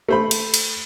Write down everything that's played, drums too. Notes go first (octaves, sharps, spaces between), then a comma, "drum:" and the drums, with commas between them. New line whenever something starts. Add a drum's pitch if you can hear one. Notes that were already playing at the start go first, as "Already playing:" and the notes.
A3 C5 B5
drum: cymbal
drum: cymbal